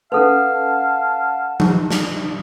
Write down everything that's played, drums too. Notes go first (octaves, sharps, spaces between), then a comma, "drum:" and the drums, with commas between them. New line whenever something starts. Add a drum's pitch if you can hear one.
C#4 A4 B4 F5 F#5 A5
drum: tom F3
drum: snare